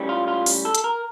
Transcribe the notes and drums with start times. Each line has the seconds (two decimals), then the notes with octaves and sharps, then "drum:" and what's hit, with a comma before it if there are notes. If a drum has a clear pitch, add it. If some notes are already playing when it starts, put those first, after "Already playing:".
Already playing: A2 G3 C#4
0.09 F4
0.28 F4
0.46 drum: open hi-hat
0.65 A4
0.75 drum: hi-hat
0.84 A#4